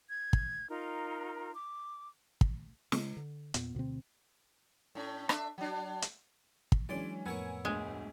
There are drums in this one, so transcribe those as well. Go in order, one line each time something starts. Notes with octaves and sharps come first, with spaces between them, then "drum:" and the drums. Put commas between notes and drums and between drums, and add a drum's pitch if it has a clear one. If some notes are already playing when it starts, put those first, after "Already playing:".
G#6
drum: kick
D#4 F4 A#4
D6
drum: kick
C#3 G#3, drum: snare
D3
E2 A#2 B3, drum: hi-hat
D2 B2 D3 C4
A2 C#4
D4 E5, drum: rim click
F#3 D4
drum: hi-hat
drum: kick
E3 F#3 G#3 C#4 D4 D5 C6 D6
F2 A2 B3 A#4 C#5 G#5 E6 G#6
G1 D2 G#3